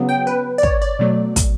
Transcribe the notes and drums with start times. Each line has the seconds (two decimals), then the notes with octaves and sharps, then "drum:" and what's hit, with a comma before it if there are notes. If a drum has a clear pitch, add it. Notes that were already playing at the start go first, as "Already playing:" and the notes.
Already playing: C#3 F#3 B3
0.09 G5
0.27 B4
0.58 D5
0.63 C#5, drum: kick
0.82 D5
0.99 B2 F#3 A3
1.36 drum: kick, hi-hat